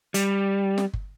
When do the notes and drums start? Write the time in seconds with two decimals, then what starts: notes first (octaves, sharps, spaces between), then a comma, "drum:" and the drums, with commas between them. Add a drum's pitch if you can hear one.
0.14 G3, drum: hi-hat
0.78 drum: snare
0.93 drum: kick G1